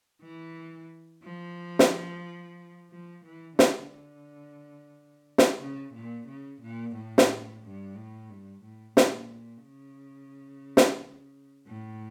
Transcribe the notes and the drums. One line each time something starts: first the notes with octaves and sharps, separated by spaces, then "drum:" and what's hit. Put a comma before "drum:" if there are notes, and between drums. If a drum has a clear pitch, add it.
E3
F3
drum: snare
F3
E3
D3, drum: snare
drum: snare
C#3
A#2
C#3
A#2
A2
drum: snare
G2
A2
G2
A2
A#2, drum: snare
C#3
drum: snare
A2